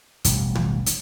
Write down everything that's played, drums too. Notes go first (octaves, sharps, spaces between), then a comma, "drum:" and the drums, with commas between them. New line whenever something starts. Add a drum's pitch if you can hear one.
E1 A1 G3, drum: hi-hat
drum: tom
drum: hi-hat